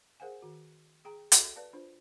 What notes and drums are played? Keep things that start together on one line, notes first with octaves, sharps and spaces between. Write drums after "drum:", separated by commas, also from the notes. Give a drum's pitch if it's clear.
G#4 A#4 C5 F5 F#5 G#5
D#3 F#4
G#4 G5 A#5
F#4 A4 D5 E5 G5, drum: hi-hat
B4 D5 F5 A5
D4 F4 C5